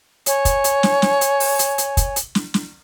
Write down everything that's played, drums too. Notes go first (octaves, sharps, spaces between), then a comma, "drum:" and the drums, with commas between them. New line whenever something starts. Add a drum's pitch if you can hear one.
C#5 G#5, drum: hi-hat
drum: kick, hi-hat
drum: hi-hat
drum: snare
drum: snare
drum: hi-hat
drum: open hi-hat
drum: hi-hat
drum: hi-hat
drum: kick, hi-hat
drum: hi-hat
drum: snare
drum: snare